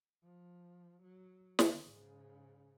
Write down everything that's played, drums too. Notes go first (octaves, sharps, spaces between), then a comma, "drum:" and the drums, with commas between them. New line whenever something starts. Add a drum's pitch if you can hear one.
F3
F#3
D3 D#3, drum: snare
G#2 C#3